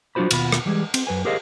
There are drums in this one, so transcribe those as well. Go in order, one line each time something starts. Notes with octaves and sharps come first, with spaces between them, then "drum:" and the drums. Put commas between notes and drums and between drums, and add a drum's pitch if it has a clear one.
F#3 D4 F4 F#4 C5 B5
D#2 B2 F4 F#4 B5, drum: cymbal
drum: rim click
E3 G3 G#3 G#4
C4, drum: cymbal
F#2 B4 G#5
G4 G#4 A#4 C5 D#5 F5